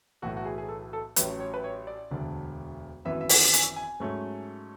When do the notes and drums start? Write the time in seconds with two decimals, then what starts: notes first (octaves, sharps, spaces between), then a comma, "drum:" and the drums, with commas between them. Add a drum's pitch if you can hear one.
0.22 B1 A2 E3 A3 F#4
0.37 F#4
0.45 G#4
0.58 G#4
0.69 A4
0.93 A4
1.16 A1 A2 F#3 C#4 B4, drum: hi-hat
1.40 C#5
1.54 B4
1.64 C#5
1.87 D5
2.11 E1 D2 D3
3.05 G#1 F#2 E3 B3 E5
3.21 E5
3.29 F#5, drum: open hi-hat
3.53 G#5, drum: hi-hat
3.76 G#5
4.00 G#2 F#3 A3 C#4